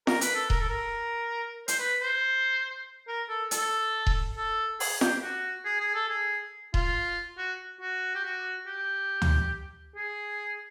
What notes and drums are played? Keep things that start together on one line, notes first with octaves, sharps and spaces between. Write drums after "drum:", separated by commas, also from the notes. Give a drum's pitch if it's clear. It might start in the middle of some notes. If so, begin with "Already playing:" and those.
A#4, drum: snare
B4, drum: hi-hat
A4
A#4, drum: kick D#1
A4
A#4
C5, drum: hi-hat
B4
C5
A#4
A4
A4, drum: hi-hat
drum: kick D#1
A4
G#4, drum: open hi-hat
G4, drum: snare
F#4
G#4
G#4
A4
G#4
F4, drum: kick D#1
F#4
F#4
G4
F#4
G4
drum: tom D2
G#4